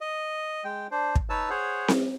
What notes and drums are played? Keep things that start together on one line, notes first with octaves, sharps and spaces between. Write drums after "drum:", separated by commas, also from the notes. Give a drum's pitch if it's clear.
D#5
G#3 G5
D4 C5
drum: kick
D#4 B4 C#5 A5 E6
G#4 C5 C#5 F#5
drum: snare C4